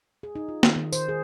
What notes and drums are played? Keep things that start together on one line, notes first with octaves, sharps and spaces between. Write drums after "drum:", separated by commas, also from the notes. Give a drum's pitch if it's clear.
G#4
D#4
F4
D#3, drum: snare
D#3
C5, drum: tambourine
G#4